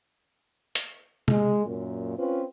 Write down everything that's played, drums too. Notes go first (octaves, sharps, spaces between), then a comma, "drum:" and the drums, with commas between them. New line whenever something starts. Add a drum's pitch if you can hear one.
drum: hi-hat
G#3, drum: tom
F#2 A#2
C4 C#4 F4 B4